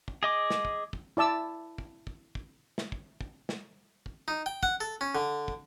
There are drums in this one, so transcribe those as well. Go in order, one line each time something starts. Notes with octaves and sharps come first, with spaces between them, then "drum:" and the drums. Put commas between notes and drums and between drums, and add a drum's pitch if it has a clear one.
drum: kick
G#4 D#5 D6
drum: snare
drum: kick
drum: kick
E4 D5 A5 E6
drum: kick
drum: kick
drum: kick
drum: snare
drum: kick
drum: kick
drum: snare
drum: kick
D#4
G5
F#5, drum: kick
A4
C#4
D3
drum: kick